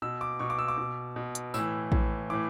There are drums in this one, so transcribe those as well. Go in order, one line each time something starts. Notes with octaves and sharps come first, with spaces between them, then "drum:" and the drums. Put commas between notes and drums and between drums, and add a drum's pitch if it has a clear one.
B2 E6
D6
B2 C#6
D6
E6
D6
B2
B2
drum: hi-hat
A2 E3 E6, drum: tambourine
A2 E3, drum: kick A#1
A2 E3 D6